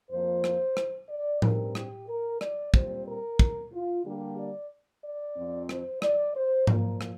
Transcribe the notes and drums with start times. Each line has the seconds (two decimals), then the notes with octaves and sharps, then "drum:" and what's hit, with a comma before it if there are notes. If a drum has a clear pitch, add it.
0.11 F2 F3 A#3 C5
0.44 drum: rim click
0.77 drum: rim click
1.10 D5
1.42 G2 G3 C4 A#4, drum: tom A2
1.75 G4, drum: rim click
2.08 A#4
2.41 D5, drum: rim click
2.74 A#2 G3 C4 C5, drum: kick
3.07 A#4
3.39 drum: kick
3.72 F4
4.05 D3 G3 A#3 D4 G4
4.38 D5
5.03 D5
5.36 F2 F3 C4
5.69 C5, drum: rim click
6.02 D5, drum: rim click
6.35 C5
6.67 A#2 F3 A#3 A#4, drum: tom G#2
7.01 drum: rim click